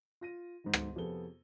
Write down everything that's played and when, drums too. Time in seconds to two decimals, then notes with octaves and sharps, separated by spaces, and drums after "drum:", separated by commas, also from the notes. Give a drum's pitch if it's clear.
0.21 F4 A#6 D#7
0.64 G#2 D#3
0.73 drum: rim click
0.96 F2 C3 B3 G#4 A4 G7